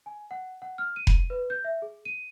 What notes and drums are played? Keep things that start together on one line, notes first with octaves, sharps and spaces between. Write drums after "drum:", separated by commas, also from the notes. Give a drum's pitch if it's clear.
G#5
F#5
F#5
F6
D#7
drum: kick F1
B4
G6
E5
G#4
D#7